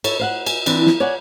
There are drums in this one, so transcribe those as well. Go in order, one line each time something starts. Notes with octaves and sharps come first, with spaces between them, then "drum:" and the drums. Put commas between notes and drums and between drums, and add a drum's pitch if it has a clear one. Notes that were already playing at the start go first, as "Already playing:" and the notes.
E4 A4 C#5, drum: cymbal
C5 F5 F#5
G#5, drum: cymbal
E3 C4 D4, drum: cymbal
drum: snare
C#5 D5 F#5 G#5